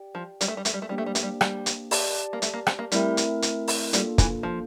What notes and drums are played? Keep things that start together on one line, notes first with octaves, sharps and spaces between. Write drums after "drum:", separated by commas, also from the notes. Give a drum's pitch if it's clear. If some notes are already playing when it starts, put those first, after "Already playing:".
Already playing: G4 D5 G5
F3
G3, drum: hi-hat
A3
G3
A3, drum: hi-hat
G3
A3
G3 A#3 D4 G4 C5 G5
A3
G3
A3, drum: hi-hat
G3
G3, drum: rim click
drum: hi-hat
G4 D5 A5, drum: open hi-hat
A#3
A3, drum: hi-hat
A#3
C4, drum: rim click
A#3
G3 A3 C4 E4 A#4 E5, drum: hi-hat
drum: hi-hat
drum: hi-hat
drum: open hi-hat
G3 A#3 D4 F4 A4, drum: hi-hat
E3, drum: kick, hi-hat
F3